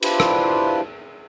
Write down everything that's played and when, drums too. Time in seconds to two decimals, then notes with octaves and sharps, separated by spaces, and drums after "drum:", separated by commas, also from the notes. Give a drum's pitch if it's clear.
0.03 D4 E4 F4 G4 B4 C5, drum: cymbal
0.20 drum: rim click